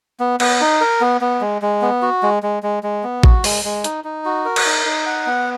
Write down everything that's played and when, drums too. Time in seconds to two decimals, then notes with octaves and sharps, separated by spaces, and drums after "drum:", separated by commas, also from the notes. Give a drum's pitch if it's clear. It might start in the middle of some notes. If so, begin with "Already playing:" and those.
0.20 B3
0.40 B3, drum: cymbal
0.61 D#4
0.81 A#4
1.01 B3
1.21 B3
1.41 G#3
1.62 G#3
1.82 B3
2.02 F#4
2.23 G#3
2.43 G#3
2.63 G#3
2.83 G#3
3.04 B3
3.23 F#4, drum: kick A1
3.44 G#3, drum: open hi-hat
3.64 G#3
3.84 D#4, drum: hi-hat
4.04 D#4
4.25 F#4
4.45 A#4
4.56 drum: cymbal
4.66 D#4
4.86 D#4
5.06 F#5
5.26 B3